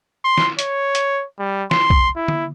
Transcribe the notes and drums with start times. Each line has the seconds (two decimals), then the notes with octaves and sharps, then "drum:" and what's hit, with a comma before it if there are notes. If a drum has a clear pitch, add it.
0.24 C6
0.38 drum: snare
0.59 C#5, drum: hi-hat
0.95 drum: hi-hat
1.39 G3
1.71 C6, drum: snare
1.90 drum: kick
2.16 E4
2.28 drum: tom